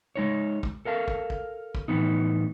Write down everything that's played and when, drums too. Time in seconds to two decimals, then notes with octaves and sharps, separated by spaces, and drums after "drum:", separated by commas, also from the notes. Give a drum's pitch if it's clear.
0.16 G#3 D#4 C#5
0.63 drum: kick
0.85 A4 A#4 F5 A5
1.08 drum: kick
1.30 drum: kick
1.75 drum: kick
1.88 A2 E3 B3 D#4